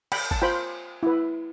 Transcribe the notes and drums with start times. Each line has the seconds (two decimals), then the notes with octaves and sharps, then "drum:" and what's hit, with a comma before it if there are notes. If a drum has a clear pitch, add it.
0.12 G5 B5, drum: cymbal
0.31 A5, drum: kick G#1
0.42 F4 C5 G5 B5
1.03 E4 B4